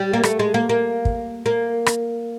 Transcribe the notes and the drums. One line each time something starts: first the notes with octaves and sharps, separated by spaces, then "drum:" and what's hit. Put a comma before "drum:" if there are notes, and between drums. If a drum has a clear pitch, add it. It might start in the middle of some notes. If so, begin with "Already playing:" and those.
Already playing: G3
A#3
A3, drum: rim click
G#3
A#3
A#3
drum: kick
A#3
drum: rim click